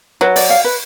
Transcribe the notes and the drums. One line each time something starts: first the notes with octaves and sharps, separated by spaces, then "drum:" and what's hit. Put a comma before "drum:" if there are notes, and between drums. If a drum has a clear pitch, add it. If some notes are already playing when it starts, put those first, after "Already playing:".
F#3 B4
D5, drum: open hi-hat
F5
B4